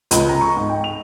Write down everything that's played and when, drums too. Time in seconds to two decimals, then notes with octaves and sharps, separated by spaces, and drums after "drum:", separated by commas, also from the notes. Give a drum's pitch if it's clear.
0.11 C#2, drum: hi-hat
0.29 A#5
0.41 C#6
0.57 G#2
0.69 G5
0.84 F7